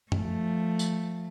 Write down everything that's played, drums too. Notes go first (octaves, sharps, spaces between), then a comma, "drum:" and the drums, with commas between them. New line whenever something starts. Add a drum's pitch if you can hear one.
F3 A3, drum: tom F#2
drum: tambourine